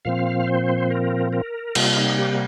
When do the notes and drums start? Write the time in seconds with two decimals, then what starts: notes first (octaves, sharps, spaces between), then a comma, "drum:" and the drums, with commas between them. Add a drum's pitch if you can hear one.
0.05 A#2 F3 C4 F5
0.48 C5
0.90 A#4
1.33 A#4
1.75 C3 G3 A#3 F4, drum: cymbal
1.97 D#4
2.18 G4